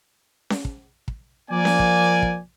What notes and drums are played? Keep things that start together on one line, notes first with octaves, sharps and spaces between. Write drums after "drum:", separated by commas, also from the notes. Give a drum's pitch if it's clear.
drum: snare C#4
drum: kick
drum: kick
F3 A#3 D5 G#5
drum: snare C#4
drum: kick
drum: kick